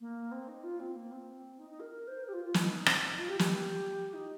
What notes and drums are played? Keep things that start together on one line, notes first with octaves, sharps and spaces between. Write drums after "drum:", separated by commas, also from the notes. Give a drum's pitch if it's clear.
A#3
C4
D#4
F4
C4
A#3
C4
D#4
D#4
A#4
A#4
C5
A#4
G4
F4
F4
D#4, drum: snare
D#4
C4, drum: rim click
D#4
D#4
F4
G4
G4, drum: snare
D#4